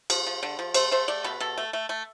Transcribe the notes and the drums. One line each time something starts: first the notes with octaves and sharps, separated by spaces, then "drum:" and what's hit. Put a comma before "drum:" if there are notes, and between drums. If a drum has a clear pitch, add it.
F3, drum: cymbal
F3
D3
F3
A3 C5, drum: cymbal
A3 C5
A3 D5
B2 B4
B2 A4
A3
A3
A3